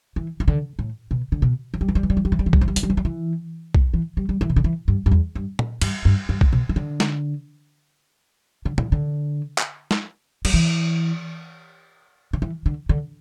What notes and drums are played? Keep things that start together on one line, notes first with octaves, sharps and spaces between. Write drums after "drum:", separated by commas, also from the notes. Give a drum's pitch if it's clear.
E3
E3
D3
A2
B2
D3
B2
E3
G3
E3
G3
E3
G3
E3
G3
E3
G3
E3
G3, drum: kick B1
E3
G3
E3, drum: hi-hat
G3
E3
G3
E3
drum: kick B1
E3
G3
G3
E3
B2
D3
E3
G2
G2
E2
G2
drum: tom
G2, drum: cymbal
G2
G2
drum: kick B1
B2
E3
D3
drum: snare
D3
E3, drum: tom
D3
drum: clap
drum: snare
G3, drum: cymbal
E3
D3
E3
D3
D3